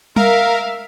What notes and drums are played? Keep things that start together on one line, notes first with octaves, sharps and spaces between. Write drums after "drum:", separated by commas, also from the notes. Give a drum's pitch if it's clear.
A#4 E5 F5, drum: tom G3